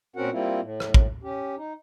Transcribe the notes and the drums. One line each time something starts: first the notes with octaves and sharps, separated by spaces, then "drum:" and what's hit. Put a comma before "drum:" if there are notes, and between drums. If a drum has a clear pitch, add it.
A#2 C4 C#4 F#4 A#4 F#5
G3 A#3 C4 E4 F4
A2
drum: rim click
drum: kick
C#4 G4
D#4